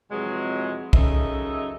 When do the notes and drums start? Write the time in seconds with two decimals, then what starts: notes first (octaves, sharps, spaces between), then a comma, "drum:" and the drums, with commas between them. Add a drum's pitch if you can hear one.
0.11 F2 C3 E3 F#3 G#3
0.93 F#2 C#3 D#4 A4 D#5 E5, drum: kick